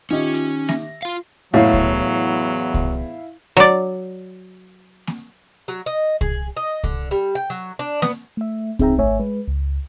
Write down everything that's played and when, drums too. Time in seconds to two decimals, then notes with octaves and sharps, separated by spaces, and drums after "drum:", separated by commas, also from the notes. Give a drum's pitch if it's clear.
0.11 D#3 C#4 F4 G4 D#5 E5
0.34 drum: hi-hat
0.69 E5 A#6, drum: snare A#3
1.03 F4 F5
1.54 E2 A2 F#3 E4 F5
1.74 drum: kick C2
2.74 drum: kick C2
3.57 F#3 D5, drum: hi-hat
5.07 drum: snare A#3
5.68 F#3
5.86 D#5
6.21 G#4, drum: kick C2
6.57 D#5
6.84 D3, drum: kick C2
7.11 G3
7.35 G5
7.50 F#3
7.79 D4
8.02 B3, drum: snare A#3
8.37 A3 E5
8.79 C4 D#4 G#4 E5 G5 A#5, drum: kick C2
8.98 G#1 A3 C#5 E5 G#5
9.20 G#3 B4
9.48 C#2